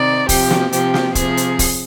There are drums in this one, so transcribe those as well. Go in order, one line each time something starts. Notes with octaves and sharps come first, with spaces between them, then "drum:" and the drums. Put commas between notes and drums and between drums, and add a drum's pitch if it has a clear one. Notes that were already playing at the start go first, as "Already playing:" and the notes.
Already playing: C3 D#3 D5
C3 F3 G4, drum: kick, open hi-hat
drum: snare
C3 F3 G4, drum: hi-hat
drum: snare
C3 F3 G#4, drum: kick, hi-hat
drum: hi-hat
drum: kick, open hi-hat